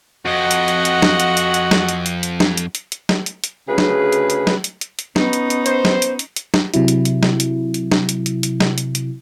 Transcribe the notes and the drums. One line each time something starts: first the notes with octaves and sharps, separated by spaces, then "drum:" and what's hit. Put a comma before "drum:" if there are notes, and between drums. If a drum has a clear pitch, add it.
F2 F#4 D#5 F#5
drum: hi-hat
drum: hi-hat
drum: hi-hat
drum: snare
drum: hi-hat
drum: hi-hat
drum: hi-hat
drum: snare
drum: hi-hat
drum: hi-hat
drum: hi-hat
drum: snare
drum: hi-hat
drum: hi-hat
drum: hi-hat
drum: snare
drum: hi-hat
drum: hi-hat
D2 C#3 G#4 B4
drum: snare
drum: hi-hat
drum: hi-hat
drum: snare
drum: hi-hat
drum: hi-hat
drum: hi-hat
B3 C#4 D#4, drum: snare
drum: hi-hat
drum: hi-hat
C5, drum: hi-hat
drum: snare
drum: hi-hat
drum: hi-hat
drum: hi-hat
drum: snare
C3 F#3 E4, drum: hi-hat
drum: hi-hat
drum: hi-hat
drum: snare
drum: hi-hat
drum: hi-hat
drum: snare
drum: hi-hat
drum: hi-hat
drum: hi-hat
drum: snare
drum: hi-hat
drum: hi-hat